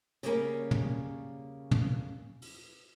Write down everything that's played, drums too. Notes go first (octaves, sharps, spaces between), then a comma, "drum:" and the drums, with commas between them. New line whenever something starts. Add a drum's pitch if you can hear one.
C#3 G3 A#3 C#4, drum: hi-hat
drum: tom
drum: tom
drum: open hi-hat